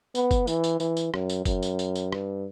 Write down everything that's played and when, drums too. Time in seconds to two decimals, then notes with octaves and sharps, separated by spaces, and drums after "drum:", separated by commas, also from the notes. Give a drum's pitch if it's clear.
0.15 B3, drum: tambourine
0.31 drum: kick F#1, tambourine
0.47 E3, drum: tambourine
0.64 drum: tambourine
0.80 E3, drum: tambourine
0.97 drum: tambourine
1.14 F#2, drum: rim click
1.30 drum: tambourine
1.45 F#2, drum: kick F#1, tambourine
1.62 drum: tambourine
1.79 drum: tambourine
1.95 drum: tambourine
2.12 G2, drum: rim click